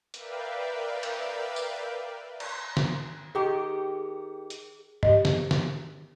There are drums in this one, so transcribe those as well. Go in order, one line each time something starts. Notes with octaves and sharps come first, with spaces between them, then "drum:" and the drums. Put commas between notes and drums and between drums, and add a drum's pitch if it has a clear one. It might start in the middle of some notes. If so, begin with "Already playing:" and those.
A#4 B4 D5 E5 F5 G5, drum: hi-hat
drum: cymbal
drum: tambourine
drum: cymbal
drum: snare
D#3 G4 G#4
drum: hi-hat
G4 D#5, drum: tom G2
drum: snare
drum: snare